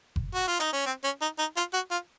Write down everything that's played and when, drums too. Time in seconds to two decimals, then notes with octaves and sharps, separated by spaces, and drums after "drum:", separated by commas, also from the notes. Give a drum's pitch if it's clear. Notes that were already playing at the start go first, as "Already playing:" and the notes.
0.16 drum: kick F#1
0.35 F#4
0.48 F4
0.60 D#4, drum: hi-hat
0.73 C#4
0.86 C4
1.04 C#4
1.22 D#4
1.39 D#4
1.57 F4, drum: hi-hat
1.74 F#4
1.91 F4